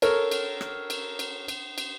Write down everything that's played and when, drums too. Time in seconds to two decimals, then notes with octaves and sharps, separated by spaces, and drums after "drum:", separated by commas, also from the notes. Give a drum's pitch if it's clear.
0.02 A4 A#4 C#5, drum: cymbal
0.31 drum: cymbal
0.61 drum: rim click
0.90 drum: cymbal
1.19 drum: cymbal
1.48 drum: cymbal
1.78 drum: cymbal